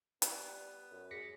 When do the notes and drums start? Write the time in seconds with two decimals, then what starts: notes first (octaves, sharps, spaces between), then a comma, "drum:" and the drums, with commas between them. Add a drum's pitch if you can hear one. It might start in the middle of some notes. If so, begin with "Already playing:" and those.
0.22 G3 B3, drum: hi-hat
0.91 F#2
1.11 G3 G#3 G#4 D5 A#6 B6 C#7